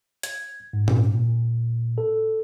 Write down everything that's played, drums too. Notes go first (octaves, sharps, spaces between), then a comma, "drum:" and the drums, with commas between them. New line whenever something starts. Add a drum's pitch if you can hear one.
G#6, drum: hi-hat
G#2
drum: tom A#2
A#2
A4